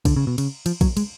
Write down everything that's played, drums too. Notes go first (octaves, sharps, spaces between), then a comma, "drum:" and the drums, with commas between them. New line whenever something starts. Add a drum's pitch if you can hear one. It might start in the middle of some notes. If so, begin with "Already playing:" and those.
D3, drum: kick, cymbal
C#3
B2
C#3, drum: cymbal
F3, drum: cymbal
F#3, drum: kick, cymbal
G#3, drum: cymbal